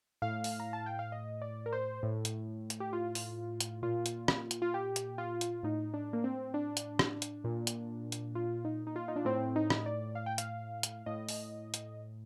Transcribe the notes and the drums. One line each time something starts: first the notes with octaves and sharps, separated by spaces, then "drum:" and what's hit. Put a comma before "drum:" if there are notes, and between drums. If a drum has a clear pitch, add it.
A2 F5
drum: open hi-hat
A#5
A5
G5
F5
D#5
D5
A#4
C5
A2
drum: hi-hat
drum: hi-hat
G4
F4
drum: open hi-hat
drum: hi-hat
A#2 F4
drum: hi-hat
drum: rim click
drum: hi-hat
F4
G4
drum: hi-hat
F4
drum: hi-hat
A2 D#4
D4
A#3
C4
D4
drum: hi-hat
drum: rim click
drum: hi-hat
A#2
drum: hi-hat
drum: hi-hat
F4
D#4
D#4
F4
D#4
D4
A2 C4
D#4
drum: rim click
D5
F5
G5
F5, drum: hi-hat
drum: hi-hat
A2 D#5
drum: open hi-hat
drum: hi-hat